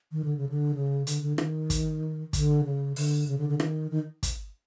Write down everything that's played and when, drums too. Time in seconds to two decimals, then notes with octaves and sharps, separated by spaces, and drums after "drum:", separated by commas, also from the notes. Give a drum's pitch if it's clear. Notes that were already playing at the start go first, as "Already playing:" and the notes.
0.12 D#3
0.25 D3
0.37 C#3
0.49 D3
0.75 C#3
1.07 D3, drum: hi-hat
1.22 D3
1.38 D#3, drum: rim click
1.70 drum: kick, hi-hat
2.33 D3, drum: kick, hi-hat
2.65 C#3
2.96 D3, drum: open hi-hat
3.28 C#3
3.38 D3
3.49 D3
3.60 D#3, drum: rim click
3.91 D#3
4.23 drum: kick, hi-hat